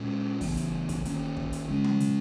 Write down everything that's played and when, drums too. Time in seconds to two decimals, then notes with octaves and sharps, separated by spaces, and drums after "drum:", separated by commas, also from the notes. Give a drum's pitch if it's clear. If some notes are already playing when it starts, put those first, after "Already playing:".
Already playing: A#2 G#3 C#4
0.41 C#3 E3 B3, drum: kick, open hi-hat
0.57 drum: hi-hat
0.89 drum: kick, hi-hat
1.05 D#3 A#3 C#4, drum: hi-hat
1.37 drum: kick
1.53 drum: hi-hat
1.69 C#3 G#3 C#4
1.84 drum: tom
2.00 drum: hi-hat